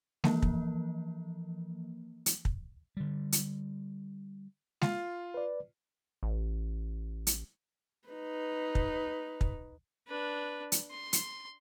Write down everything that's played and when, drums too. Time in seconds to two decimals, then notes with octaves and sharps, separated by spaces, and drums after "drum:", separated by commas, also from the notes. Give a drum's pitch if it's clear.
0.24 E3 F3 A#3, drum: snare
0.42 drum: kick
2.26 drum: hi-hat
2.45 drum: kick
2.97 D3 G3
3.32 drum: hi-hat
4.82 F4, drum: snare
5.34 B4 D5
6.23 A1
7.27 drum: hi-hat
8.09 D#4 B4
8.75 drum: kick
9.41 drum: kick
10.07 D4 B4
10.72 drum: hi-hat
10.91 C6
11.13 drum: hi-hat